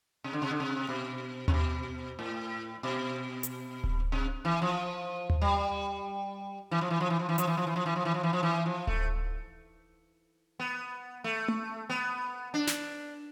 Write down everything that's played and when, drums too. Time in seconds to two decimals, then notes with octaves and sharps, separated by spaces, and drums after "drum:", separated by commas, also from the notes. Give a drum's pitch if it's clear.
0.24 C3
0.33 D3
0.42 C3
0.51 D3
0.60 C3
0.89 B2
1.48 C3, drum: tom D#2
1.54 B2
2.19 A2
2.83 B2
3.43 drum: hi-hat
3.84 drum: kick D1
4.12 C3
4.45 E3
4.62 F3
5.30 drum: tom D#2
5.42 G3
6.71 E3
6.81 F3
6.90 E3
7.00 F3
7.10 E3
7.19 F3
7.29 E3
7.38 F3, drum: hi-hat
7.47 E3
7.57 F3
7.67 E3
7.76 F3
7.86 E3
7.96 F3
8.05 E3
8.14 F3
8.23 E3
8.33 F3
8.43 E3
8.66 F3
8.87 A3, drum: kick D1
10.60 B3
11.24 A3
11.48 drum: tom A3
11.89 B3
12.54 D4
12.67 drum: snare